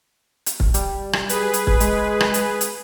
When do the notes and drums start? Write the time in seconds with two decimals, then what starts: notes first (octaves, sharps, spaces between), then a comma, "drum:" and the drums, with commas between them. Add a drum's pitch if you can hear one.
0.46 drum: hi-hat
0.60 drum: kick
0.74 G3, drum: hi-hat
1.13 drum: rim click
1.29 G#4 B4, drum: hi-hat
1.54 drum: hi-hat
1.67 drum: kick
1.80 G#3, drum: hi-hat
2.20 drum: rim click
2.34 drum: hi-hat
2.61 drum: hi-hat